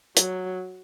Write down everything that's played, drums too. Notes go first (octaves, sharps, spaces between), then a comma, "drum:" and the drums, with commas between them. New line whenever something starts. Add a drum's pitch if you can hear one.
F#3, drum: hi-hat